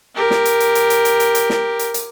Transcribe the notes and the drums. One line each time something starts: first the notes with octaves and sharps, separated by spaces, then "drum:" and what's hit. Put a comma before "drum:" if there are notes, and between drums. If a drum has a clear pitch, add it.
G4 A#4
drum: snare
drum: hi-hat
drum: hi-hat
drum: hi-hat
drum: hi-hat
drum: hi-hat
drum: hi-hat
drum: hi-hat
drum: snare
drum: hi-hat
drum: hi-hat